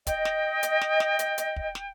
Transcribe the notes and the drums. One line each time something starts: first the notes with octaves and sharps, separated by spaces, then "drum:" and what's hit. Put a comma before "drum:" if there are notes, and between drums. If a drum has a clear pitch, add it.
D#5 G5, drum: kick, hi-hat
drum: snare
drum: hi-hat
drum: snare
drum: snare
drum: hi-hat
drum: hi-hat
drum: kick
drum: snare